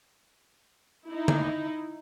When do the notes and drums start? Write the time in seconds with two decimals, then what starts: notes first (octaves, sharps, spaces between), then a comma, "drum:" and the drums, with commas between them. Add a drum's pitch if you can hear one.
1.07 D#4 E4
1.28 drum: tom D3